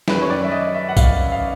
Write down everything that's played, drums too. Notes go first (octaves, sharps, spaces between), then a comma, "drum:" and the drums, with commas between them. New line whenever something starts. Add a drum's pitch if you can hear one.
F#2 D#3 F#3 B4, drum: snare
C#5
D5
E5
D#5
E5
F#5
F5, drum: kick A#1, tambourine
F5